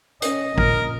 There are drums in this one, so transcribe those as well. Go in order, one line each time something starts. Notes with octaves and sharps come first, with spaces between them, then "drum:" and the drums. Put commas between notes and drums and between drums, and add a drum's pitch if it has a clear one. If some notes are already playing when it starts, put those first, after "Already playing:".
C#4 D#5, drum: hi-hat
A#1 A#4, drum: kick A1